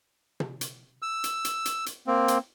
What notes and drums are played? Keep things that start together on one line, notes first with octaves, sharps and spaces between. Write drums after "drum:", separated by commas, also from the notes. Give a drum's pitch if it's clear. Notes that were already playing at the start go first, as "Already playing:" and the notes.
drum: tom
drum: hi-hat
E6
drum: hi-hat
drum: hi-hat
drum: hi-hat
drum: hi-hat
A#3 C4
drum: hi-hat